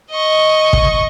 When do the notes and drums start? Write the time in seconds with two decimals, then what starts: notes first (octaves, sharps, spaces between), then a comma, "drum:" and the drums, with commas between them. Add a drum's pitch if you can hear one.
0.10 D#5 C#6
0.73 drum: kick